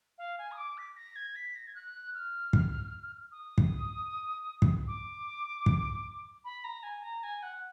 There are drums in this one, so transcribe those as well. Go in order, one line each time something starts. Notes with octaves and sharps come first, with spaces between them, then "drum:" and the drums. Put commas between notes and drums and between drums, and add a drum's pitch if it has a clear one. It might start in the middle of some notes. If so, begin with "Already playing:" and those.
F5
G#5
D#6
D6
B6
A#6
G#6
B6
A#6
G#6
F#6
F6
drum: kick
D#6
drum: kick
drum: kick
D6
drum: kick
B5
A#5
G#5
A#5
G#5
F#5